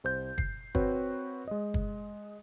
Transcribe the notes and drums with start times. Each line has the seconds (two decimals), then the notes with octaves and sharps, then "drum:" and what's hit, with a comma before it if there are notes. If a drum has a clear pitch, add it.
0.04 C2 C5 G6
0.38 C7, drum: kick
0.75 C4 F#4 B4 C#5, drum: kick
1.48 G#3 D#5
1.74 drum: kick